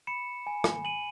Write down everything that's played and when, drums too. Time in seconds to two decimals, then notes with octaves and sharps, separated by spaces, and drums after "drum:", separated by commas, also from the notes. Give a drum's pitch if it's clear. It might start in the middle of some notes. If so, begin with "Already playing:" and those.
0.07 B5 C#7 E7
0.47 G#5
0.64 drum: rim click
0.84 G#5 D#7 F#7